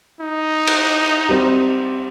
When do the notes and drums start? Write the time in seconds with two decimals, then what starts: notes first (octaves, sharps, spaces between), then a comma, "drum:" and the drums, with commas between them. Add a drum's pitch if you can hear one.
0.20 D#4
0.67 drum: cymbal
1.29 G3 C4